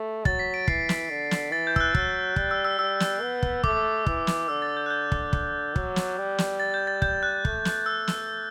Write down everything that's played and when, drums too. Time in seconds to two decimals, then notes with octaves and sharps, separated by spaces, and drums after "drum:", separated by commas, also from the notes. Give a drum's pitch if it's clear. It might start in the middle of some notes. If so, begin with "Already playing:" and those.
Already playing: A3
0.25 F#3 A6, drum: kick
0.39 B6
0.54 D7
0.68 E3 C7, drum: kick
0.89 drum: snare
1.10 D3
1.31 drum: snare
1.52 E3 A6
1.67 G6
1.76 E6, drum: kick
1.80 F#6
1.95 F#3, drum: kick
2.36 G3, drum: kick
2.51 E6
2.65 E6
2.79 G3 E6
3.00 drum: snare
3.22 B3
3.43 drum: kick
3.64 A3 D6, drum: kick
4.06 E3, drum: kick
4.27 drum: snare
4.48 D3 E6
4.62 A6
4.77 G6
4.86 F#6
4.90 G6
5.12 drum: kick
5.33 drum: kick
5.76 F#3, drum: kick
5.96 drum: snare
6.18 G3
6.38 drum: snare
6.60 A6
6.74 G6
6.87 A6
7.02 G6, drum: kick
7.23 F#6
7.45 A3, drum: kick
7.65 drum: snare
7.86 E6
8.08 drum: snare